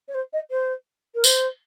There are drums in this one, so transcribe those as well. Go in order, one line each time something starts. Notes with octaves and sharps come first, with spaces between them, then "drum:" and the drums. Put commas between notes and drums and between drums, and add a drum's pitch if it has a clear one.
C#5
C5
D#5
C5
A#4
C5, drum: tambourine